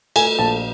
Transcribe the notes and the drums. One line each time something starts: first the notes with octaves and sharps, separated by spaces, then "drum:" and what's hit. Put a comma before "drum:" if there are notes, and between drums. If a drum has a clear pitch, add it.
A3 G#5, drum: cymbal
A#1 A5